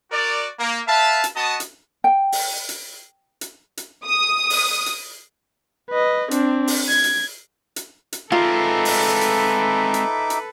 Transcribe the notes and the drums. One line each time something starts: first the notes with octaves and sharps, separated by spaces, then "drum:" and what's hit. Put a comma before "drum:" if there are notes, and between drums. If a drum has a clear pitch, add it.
F#4 A#4 D5
A#3
B4 E5 F5 A5
drum: hi-hat
B3 F#4 D#5 A5 D#6
drum: hi-hat
G5
drum: open hi-hat
drum: hi-hat
drum: hi-hat
drum: hi-hat
D#6
drum: open hi-hat
drum: hi-hat
B4 D#5
C4 D4, drum: hi-hat
drum: open hi-hat
G#6
drum: hi-hat
drum: hi-hat
drum: hi-hat
G#3 C4 D#4 F4 A4 B4 E5 D6
drum: open hi-hat
drum: hi-hat
drum: hi-hat
drum: hi-hat